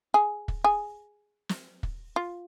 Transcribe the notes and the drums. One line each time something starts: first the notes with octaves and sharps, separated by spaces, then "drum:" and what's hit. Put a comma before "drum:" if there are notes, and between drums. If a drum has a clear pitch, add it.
G#4
drum: kick
G#4
drum: snare
drum: kick
F4